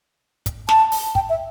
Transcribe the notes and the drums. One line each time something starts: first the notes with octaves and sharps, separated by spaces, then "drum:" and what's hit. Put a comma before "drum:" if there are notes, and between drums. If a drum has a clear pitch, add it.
drum: kick, hi-hat
A5, drum: snare
drum: open hi-hat
G5, drum: kick
E5